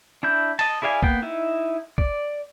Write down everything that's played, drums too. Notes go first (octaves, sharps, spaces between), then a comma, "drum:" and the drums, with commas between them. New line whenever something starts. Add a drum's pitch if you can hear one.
D4 E4 G6
D#5 A5, drum: cymbal
E4 G#4 D5 F5 G#5
A#3 B3 G5, drum: kick
D#4 E4
D5, drum: kick